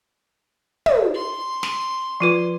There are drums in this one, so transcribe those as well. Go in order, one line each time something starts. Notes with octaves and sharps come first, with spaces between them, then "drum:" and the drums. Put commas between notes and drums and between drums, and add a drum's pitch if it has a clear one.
drum: tom
C6
drum: snare
F3 F4 B4